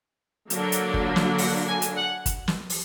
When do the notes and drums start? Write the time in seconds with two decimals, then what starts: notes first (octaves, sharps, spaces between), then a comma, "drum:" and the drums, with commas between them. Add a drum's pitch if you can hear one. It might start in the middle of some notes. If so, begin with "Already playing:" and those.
0.50 D3 F#3 A#3 D4, drum: hi-hat
0.72 drum: hi-hat
0.94 drum: kick G1
1.16 drum: snare
1.38 F#5, drum: open hi-hat
1.67 G#5
1.82 drum: hi-hat
1.96 F#5
2.26 drum: kick G1, hi-hat
2.48 drum: snare
2.70 drum: open hi-hat